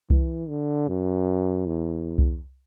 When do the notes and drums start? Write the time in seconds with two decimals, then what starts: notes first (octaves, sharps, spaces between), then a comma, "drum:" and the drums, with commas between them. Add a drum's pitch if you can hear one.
0.10 E3, drum: kick C2
0.49 D3
0.88 F#2
1.66 E2
2.18 drum: kick C2